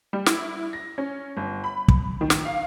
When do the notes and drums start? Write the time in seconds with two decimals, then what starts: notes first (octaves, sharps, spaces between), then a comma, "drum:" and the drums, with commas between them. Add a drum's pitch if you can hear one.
0.13 G3
0.26 E4, drum: snare
0.73 A#6
0.98 C#4
1.37 G1
1.64 B5
1.88 drum: kick
2.21 D#3
2.30 drum: snare
2.45 F5